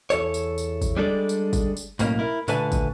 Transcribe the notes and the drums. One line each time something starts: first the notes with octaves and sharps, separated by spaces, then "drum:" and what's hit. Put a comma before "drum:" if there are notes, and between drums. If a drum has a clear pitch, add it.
E2 A4 C#5, drum: tambourine
drum: tambourine
drum: tambourine
drum: kick, tambourine
G3 G#3 D4 A4 D5
drum: tambourine
drum: kick, tambourine
drum: tambourine
B1 A2 A#3 C#4, drum: tambourine
E4 A#4
A#2 D3 A3 B4 G#5 A5, drum: tambourine
drum: kick, tambourine